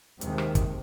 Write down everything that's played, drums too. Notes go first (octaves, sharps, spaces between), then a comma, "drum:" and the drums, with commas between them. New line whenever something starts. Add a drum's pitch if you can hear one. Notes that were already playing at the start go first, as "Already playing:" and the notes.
D#2 C3 D#3 G#3, drum: hi-hat
drum: rim click
drum: kick, hi-hat